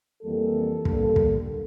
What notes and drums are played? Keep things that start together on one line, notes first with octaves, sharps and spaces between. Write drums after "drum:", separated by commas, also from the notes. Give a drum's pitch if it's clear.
F2 E3 G3 A#3 A4
G2 D3 G3 A#3, drum: kick
drum: kick